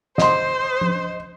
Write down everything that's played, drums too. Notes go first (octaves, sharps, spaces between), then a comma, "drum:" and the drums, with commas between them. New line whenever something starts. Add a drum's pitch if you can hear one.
C5 D#5 C6, drum: snare
drum: tom F3